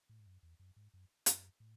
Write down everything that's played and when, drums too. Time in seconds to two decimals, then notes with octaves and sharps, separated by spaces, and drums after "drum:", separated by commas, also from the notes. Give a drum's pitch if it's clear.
0.09 A2
0.20 G#2
0.26 F#2
0.43 E2
0.60 F#2
0.76 G#2
0.94 F#2
1.26 F#2, drum: hi-hat
1.60 A2